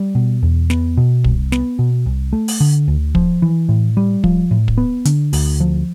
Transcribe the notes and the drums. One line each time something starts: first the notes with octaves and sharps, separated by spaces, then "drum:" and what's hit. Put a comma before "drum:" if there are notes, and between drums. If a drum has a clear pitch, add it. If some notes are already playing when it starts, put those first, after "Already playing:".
Already playing: G3
B2
E2
B3, drum: snare
B2
C2, drum: kick
B3, drum: snare
B2
C2
A3
drum: open hi-hat
D3
D2
F3, drum: kick
E3
A2
G3
F3, drum: kick
A2
drum: kick
B3
D3, drum: hi-hat
D2, drum: open hi-hat
F3